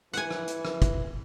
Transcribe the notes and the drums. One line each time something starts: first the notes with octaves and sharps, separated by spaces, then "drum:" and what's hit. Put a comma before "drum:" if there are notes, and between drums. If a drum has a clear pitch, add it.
E3 F#5 G#5, drum: hi-hat
drum: rim click
drum: hi-hat
drum: rim click
drum: kick, hi-hat